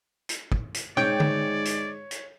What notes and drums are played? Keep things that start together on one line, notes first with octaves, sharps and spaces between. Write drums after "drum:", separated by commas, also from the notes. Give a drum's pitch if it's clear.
drum: hi-hat
drum: kick
drum: hi-hat
G#2 C#5 D5 G5, drum: tom
drum: tom D3
drum: hi-hat
drum: hi-hat